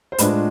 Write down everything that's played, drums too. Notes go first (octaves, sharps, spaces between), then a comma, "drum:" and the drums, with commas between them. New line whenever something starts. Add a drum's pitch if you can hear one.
C5
A2 G#3 D4 F4 B4, drum: hi-hat